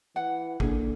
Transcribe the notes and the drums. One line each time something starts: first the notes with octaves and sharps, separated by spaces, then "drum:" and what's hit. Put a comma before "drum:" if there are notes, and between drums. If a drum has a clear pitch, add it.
E3 F#5
A#1 D3 A#3 D4 G#4, drum: kick